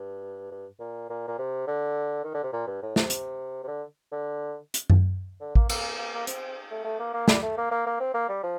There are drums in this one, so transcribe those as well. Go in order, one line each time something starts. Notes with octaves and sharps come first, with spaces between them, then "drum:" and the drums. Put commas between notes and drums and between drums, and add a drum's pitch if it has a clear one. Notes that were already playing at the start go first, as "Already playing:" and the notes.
Already playing: G2
G2
A#2
A#2
A#2
C3
D3
D#3
D3
C3
A#2
G2
A2
C3, drum: snare
drum: hi-hat
C3
D3
D3
drum: hi-hat
drum: tom F#2
D3
A#3, drum: kick A1
A#3, drum: cymbal
A#3
A#3
C4, drum: hi-hat
A3
A3
A#3
A#3
G3, drum: snare
A3
A#3
A#3
A#3
C4
A#3
G3
F3